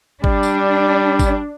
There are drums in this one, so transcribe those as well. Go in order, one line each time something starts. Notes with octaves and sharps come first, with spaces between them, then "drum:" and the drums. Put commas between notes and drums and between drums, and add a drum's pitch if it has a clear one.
G3 D4, drum: kick
drum: tambourine
drum: kick, tambourine